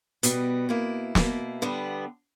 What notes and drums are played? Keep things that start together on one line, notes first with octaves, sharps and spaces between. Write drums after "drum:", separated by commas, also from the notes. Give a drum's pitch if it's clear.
B2 G3 B3 F#4, drum: hi-hat
B2 A#3 E4
B2 A#3 E4, drum: snare
D3 G3 B3